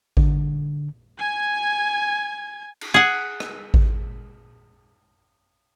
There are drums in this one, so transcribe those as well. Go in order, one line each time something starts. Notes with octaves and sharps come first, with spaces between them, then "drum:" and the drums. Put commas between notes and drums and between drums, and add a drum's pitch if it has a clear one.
D3, drum: kick G#1
G#5 G#6
drum: cymbal
G#4 F#5
drum: rim click
drum: kick G#1